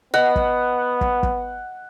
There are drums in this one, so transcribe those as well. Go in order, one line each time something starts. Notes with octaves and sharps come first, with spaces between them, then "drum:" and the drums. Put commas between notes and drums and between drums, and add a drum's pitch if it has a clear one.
B3 D#5 F#5
drum: kick
drum: kick
drum: kick